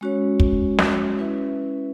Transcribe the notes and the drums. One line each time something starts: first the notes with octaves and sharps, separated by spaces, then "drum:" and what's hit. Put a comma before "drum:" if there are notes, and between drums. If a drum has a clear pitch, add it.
G#3 C#4 F#4 C#5
drum: kick
drum: snare
C#4 E4 B4 E5